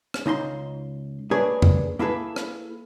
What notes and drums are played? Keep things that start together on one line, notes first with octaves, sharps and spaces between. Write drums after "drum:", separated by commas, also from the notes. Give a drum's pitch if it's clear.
drum: rim click
C#2 D#4 A#5 C6
A3 A#3 D4 G#4 B4 C#5
drum: tom
A#3 E4 G#4 A4 B4
drum: rim click